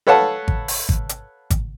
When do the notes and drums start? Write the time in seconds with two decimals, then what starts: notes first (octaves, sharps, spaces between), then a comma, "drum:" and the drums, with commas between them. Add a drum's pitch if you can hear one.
0.07 A4 B4 C#5 F5 F#5 A5
0.48 drum: kick G#1
0.68 drum: open hi-hat
0.89 drum: kick G#1
1.09 drum: hi-hat
1.50 drum: kick G#1, hi-hat